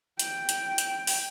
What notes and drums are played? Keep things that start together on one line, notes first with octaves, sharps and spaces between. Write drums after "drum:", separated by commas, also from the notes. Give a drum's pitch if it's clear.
G5, drum: hi-hat
drum: hi-hat
drum: hi-hat
drum: open hi-hat